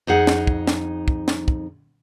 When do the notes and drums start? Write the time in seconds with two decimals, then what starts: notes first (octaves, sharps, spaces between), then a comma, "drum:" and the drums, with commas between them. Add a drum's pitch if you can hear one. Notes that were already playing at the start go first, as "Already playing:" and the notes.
0.07 F2 D#4 G#4 F#5
0.27 drum: snare
0.47 drum: kick
0.67 drum: snare
1.08 drum: kick
1.28 drum: snare
1.48 drum: kick